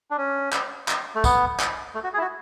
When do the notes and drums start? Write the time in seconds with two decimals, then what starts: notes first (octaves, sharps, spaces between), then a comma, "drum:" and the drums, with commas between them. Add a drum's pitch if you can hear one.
0.11 D4
0.17 C#4
0.53 drum: clap
0.88 drum: clap
1.15 A3
1.24 B3, drum: kick C2, tambourine
1.60 drum: clap
1.95 A3
2.04 F#4
2.14 G#4
2.18 E4
2.22 F#4